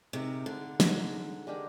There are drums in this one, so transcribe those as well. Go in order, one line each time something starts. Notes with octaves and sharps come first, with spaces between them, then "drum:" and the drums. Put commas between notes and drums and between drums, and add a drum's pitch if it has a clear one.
C3 G#3 D#4 A#4
D3
G#3 D#4 A#4, drum: snare
G#3 D4 G4 A#4